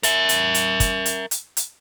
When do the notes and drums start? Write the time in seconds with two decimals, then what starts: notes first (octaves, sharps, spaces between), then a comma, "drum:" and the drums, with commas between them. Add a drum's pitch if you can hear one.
0.03 A#4 E5, drum: hi-hat
0.29 drum: hi-hat
0.54 drum: hi-hat
0.80 drum: kick, hi-hat
1.06 drum: hi-hat
1.31 drum: hi-hat
1.57 drum: hi-hat